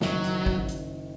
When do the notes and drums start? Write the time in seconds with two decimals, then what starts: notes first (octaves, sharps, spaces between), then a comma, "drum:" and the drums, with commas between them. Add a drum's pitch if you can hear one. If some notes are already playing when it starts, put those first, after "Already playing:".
0.02 F#1 F#2 D#3 F#3, drum: snare
0.24 drum: hi-hat
0.46 drum: kick
0.69 drum: hi-hat